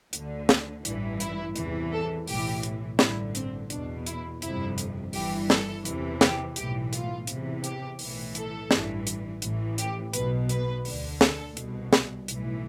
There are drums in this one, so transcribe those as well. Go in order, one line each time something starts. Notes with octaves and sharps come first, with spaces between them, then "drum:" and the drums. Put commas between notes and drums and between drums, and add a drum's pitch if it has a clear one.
D2 D3, drum: hi-hat
drum: snare
A1 G2 E3, drum: hi-hat
E4, drum: hi-hat
E2 C3 E3, drum: hi-hat
A4
B1 A2 E3 G4, drum: open hi-hat
drum: hi-hat
A1 G2 D3 E4, drum: snare
C4, drum: hi-hat
E2 B2 D4, drum: hi-hat
E4, drum: hi-hat
G1 F2 C3 E4, drum: hi-hat
drum: hi-hat
G1 G2 E3 G4, drum: open hi-hat
A4, drum: snare
E2 C3 E3, drum: hi-hat
G4, drum: snare
B1 A2 E3 G4, drum: hi-hat
F4, drum: hi-hat
E2 C3 E3, drum: hi-hat
G4, drum: hi-hat
B1 A2 E3, drum: open hi-hat
A4, drum: hi-hat
A1 G2 E3, drum: snare
drum: hi-hat
A1 A2 E3, drum: hi-hat
G4, drum: hi-hat
B1 B2 B4, drum: hi-hat
B4, drum: hi-hat
D2 D3, drum: open hi-hat
A4, drum: snare
C2 B2, drum: hi-hat
drum: snare
B1 A2 E3, drum: hi-hat